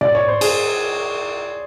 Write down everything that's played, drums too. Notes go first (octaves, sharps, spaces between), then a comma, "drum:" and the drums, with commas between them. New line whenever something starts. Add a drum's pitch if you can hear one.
D5, drum: tom A2
C#5
C5
G#4, drum: cymbal